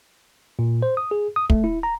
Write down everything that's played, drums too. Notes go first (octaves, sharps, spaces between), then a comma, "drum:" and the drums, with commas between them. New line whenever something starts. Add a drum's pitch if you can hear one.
A#2
C5
D#6
G#4
D#6
A3, drum: kick
E4
A#5